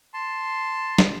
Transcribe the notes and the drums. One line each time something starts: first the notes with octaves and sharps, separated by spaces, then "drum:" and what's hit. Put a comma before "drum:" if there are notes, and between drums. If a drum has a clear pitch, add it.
A5 C6
drum: snare